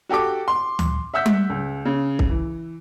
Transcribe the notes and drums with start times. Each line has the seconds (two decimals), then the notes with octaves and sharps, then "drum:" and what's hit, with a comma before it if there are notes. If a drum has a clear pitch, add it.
0.09 F#4 G4 A4 G5 D6
0.48 C6
0.79 drum: tom D2
1.14 E5 F#5 E6 G6 B6
1.26 drum: tom G3
1.50 C#2
1.85 C#3
2.19 drum: kick C2
2.29 E3